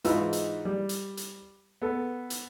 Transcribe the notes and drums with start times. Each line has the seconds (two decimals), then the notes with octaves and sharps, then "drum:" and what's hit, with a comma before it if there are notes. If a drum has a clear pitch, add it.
0.04 G#2 E3 D#4 F4 B4 E6, drum: hi-hat
0.33 drum: hi-hat
0.65 G3
0.89 drum: hi-hat
1.17 drum: hi-hat
1.82 B3 A4
2.30 drum: hi-hat